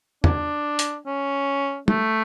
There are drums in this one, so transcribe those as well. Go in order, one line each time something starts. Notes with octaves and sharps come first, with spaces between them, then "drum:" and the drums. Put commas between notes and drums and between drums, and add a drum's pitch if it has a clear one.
D4, drum: tom
drum: hi-hat
C#4
A3, drum: tom